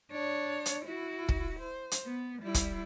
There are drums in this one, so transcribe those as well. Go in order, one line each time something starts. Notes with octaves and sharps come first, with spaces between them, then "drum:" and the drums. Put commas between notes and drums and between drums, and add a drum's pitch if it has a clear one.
D4 C#5
drum: hi-hat
E4 F#4
drum: kick
C5
drum: hi-hat
B3
G3 E4
drum: kick, hi-hat